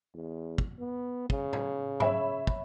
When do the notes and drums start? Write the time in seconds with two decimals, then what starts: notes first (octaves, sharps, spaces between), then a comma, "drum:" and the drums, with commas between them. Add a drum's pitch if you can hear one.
0.14 E2
0.58 drum: kick
0.79 B3
1.30 C#3, drum: kick
1.53 drum: tom
2.00 C#5 E5 B5, drum: tom G#2
2.47 drum: kick